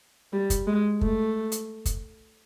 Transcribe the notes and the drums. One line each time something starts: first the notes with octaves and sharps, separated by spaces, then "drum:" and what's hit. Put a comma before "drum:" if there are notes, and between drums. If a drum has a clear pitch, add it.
G3
drum: kick, hi-hat
G#3
A3, drum: kick
drum: hi-hat
drum: kick, hi-hat